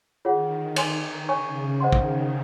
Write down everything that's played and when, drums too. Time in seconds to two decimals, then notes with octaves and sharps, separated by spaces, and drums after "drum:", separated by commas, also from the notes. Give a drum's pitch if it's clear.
0.24 D#3 F4 G#4 C#5 F#5
0.76 C#5 G#5 C6, drum: cymbal
1.29 C#3 C#5 G#5 C#6
1.81 D#3 C5 D#5 F#5 C6
1.92 drum: kick